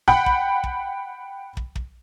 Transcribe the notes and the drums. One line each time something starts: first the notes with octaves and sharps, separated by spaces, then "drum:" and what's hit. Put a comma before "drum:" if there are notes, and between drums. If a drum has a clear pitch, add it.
F#5 G5 B5, drum: kick
drum: kick
drum: kick
drum: kick
drum: kick